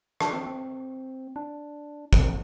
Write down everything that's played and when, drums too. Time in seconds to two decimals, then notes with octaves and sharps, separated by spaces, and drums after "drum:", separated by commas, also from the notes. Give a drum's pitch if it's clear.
0.21 D4, drum: rim click
0.33 C4
0.46 C4
1.36 D4
2.13 C4, drum: kick